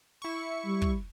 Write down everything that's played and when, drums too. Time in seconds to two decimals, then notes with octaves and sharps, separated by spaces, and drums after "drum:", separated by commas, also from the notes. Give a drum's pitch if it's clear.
0.22 E4 C#6
0.65 G3
0.82 drum: kick